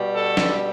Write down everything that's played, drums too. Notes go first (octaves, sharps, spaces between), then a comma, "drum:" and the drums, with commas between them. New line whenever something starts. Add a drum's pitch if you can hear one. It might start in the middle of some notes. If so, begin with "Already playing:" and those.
Already playing: B2 G3
A4
drum: snare